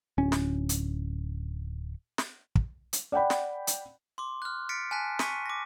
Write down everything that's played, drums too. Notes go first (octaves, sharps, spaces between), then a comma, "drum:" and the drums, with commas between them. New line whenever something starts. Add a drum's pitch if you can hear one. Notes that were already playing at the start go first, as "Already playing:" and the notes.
D1 C#4
drum: snare
drum: hi-hat
drum: snare
drum: kick
drum: hi-hat
D5 F#5 G5 B5
drum: snare
drum: hi-hat
C6 D6
F6 F#6
F6 A6 B6 C#7 D7
G#5 A5 F#6 B6
C#6 B6 C#7 D#7, drum: snare
D6 A#6